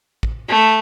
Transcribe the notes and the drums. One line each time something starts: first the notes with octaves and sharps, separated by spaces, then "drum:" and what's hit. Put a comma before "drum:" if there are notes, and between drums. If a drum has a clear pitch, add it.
drum: kick
A3